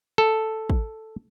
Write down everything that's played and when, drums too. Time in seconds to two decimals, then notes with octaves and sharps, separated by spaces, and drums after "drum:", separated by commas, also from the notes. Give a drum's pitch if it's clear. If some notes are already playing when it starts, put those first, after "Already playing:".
0.18 A4
0.70 drum: kick